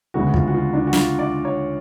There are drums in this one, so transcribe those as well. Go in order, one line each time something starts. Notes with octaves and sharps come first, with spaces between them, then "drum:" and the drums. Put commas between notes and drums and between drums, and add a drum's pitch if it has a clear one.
D2 C#3 G#3 B3 F#4
F4, drum: kick
F#4
F4
D4
F#4
F4, drum: snare
D5
C#5